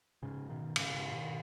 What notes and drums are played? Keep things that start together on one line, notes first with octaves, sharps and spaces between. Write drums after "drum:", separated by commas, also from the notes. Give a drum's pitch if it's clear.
G#2 C#3
B2 D#3
G#2 C#3, drum: cymbal
G#2 C#3
B2 D#3